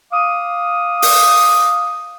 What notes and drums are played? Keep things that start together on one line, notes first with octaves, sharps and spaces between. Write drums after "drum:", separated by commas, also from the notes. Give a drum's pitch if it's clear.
F5 D6 D#6
drum: open hi-hat